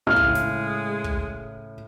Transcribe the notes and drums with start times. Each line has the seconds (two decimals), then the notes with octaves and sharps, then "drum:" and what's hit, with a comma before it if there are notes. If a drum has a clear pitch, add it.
0.07 A2 C#3 G#3 F6
0.16 drum: kick
0.35 drum: snare
1.04 drum: kick